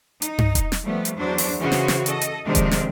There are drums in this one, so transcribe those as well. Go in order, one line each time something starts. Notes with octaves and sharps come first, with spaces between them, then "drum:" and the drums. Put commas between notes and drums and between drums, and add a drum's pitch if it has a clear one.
D#4, drum: hi-hat
drum: tom G2
drum: kick E1, hi-hat
drum: snare
F3 G3 A3 B3
drum: hi-hat
E2 F#3 D4 C5
drum: open hi-hat
C#3 E3 C#4 F#4 C5 C#5
drum: snare
drum: snare
A4 D#5, drum: hi-hat
drum: hi-hat
C3 D#3 F3 G#3 C4 D4
drum: kick E1, hi-hat
drum: snare